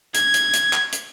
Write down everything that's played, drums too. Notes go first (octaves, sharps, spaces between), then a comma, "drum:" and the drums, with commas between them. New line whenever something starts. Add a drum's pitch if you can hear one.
G#6, drum: hi-hat
drum: hi-hat
drum: hi-hat
drum: clap
drum: hi-hat